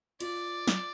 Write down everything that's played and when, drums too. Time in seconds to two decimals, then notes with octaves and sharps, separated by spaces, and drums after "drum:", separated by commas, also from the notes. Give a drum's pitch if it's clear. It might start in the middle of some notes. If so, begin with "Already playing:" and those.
0.20 F4 D5, drum: cymbal
0.67 drum: snare